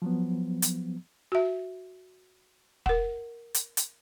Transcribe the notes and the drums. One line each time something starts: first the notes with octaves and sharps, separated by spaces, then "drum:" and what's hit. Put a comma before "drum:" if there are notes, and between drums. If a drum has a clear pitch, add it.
F3 F#3 B3
drum: hi-hat
F#4 E5
A#4 F#5, drum: kick
drum: hi-hat
drum: hi-hat